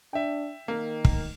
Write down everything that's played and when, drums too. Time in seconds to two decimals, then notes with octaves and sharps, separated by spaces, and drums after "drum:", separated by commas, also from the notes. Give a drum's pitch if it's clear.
0.13 D4 E5 G5
0.68 D#3 A#3
1.05 drum: kick